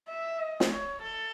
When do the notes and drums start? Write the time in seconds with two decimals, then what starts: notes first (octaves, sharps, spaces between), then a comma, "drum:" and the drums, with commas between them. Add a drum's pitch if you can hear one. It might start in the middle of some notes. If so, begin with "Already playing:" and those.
0.08 E5
0.40 D#5
0.60 drum: snare
0.71 C#5
1.02 A4